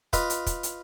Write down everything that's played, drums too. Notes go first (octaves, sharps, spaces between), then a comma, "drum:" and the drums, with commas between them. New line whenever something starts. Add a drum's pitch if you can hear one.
F4 B4 D#5, drum: kick, hi-hat
drum: hi-hat
drum: kick, hi-hat
drum: hi-hat